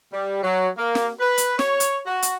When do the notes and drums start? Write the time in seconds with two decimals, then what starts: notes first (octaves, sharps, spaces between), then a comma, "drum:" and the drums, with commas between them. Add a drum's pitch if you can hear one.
0.12 G3
0.43 F#3
0.78 A#3
0.95 drum: snare
1.20 B4
1.38 drum: hi-hat
1.59 C#5, drum: snare
1.80 drum: hi-hat
2.06 F#4
2.22 drum: hi-hat